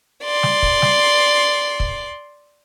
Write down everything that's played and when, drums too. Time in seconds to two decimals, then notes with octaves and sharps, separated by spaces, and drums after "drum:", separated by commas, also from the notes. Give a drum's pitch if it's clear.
0.23 D5 C6
0.43 drum: snare
0.63 drum: kick
0.82 drum: snare
1.80 drum: kick